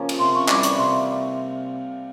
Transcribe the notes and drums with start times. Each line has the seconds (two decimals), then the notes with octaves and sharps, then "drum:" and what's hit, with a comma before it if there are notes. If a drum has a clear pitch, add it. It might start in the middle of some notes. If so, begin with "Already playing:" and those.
Already playing: C#3 F3 A#3 C#4 F4
0.09 drum: cymbal
0.19 C3 C6
0.35 C#6
0.49 E3 G3 D6, drum: clap
0.63 C#6, drum: hi-hat
0.78 C3 C6